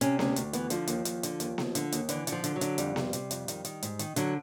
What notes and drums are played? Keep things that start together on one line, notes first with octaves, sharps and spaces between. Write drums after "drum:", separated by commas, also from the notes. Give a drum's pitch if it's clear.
C3 C#4, drum: hi-hat
D2 C#4, drum: snare B3
D2, drum: hi-hat
E3 B3, drum: hi-hat
D3 F3, drum: hi-hat
D#2, drum: hi-hat
D#2, drum: hi-hat
D3, drum: hi-hat
D#2, drum: hi-hat
D#2, drum: snare B3
D3, drum: hi-hat
D#2, drum: hi-hat
D3 E3, drum: hi-hat
D3, drum: hi-hat
F3
D3, drum: hi-hat
F#3
D3, drum: hi-hat
F2 G3, drum: hi-hat
C3, drum: snare B3
C3, drum: hi-hat
F2, drum: hi-hat
D#3, drum: hi-hat
D#3, drum: hi-hat
G#2, drum: hi-hat
D#3, drum: hi-hat
D3 F#3, drum: hi-hat